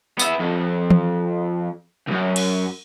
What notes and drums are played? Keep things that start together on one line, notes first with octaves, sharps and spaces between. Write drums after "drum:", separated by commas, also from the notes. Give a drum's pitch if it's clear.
B3 E5, drum: tambourine
F2
drum: tom
C2 F#2
drum: cymbal